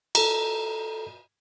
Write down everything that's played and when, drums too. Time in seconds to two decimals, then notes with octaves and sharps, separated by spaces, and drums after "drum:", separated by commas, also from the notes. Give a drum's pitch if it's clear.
0.15 A4 A#5, drum: cymbal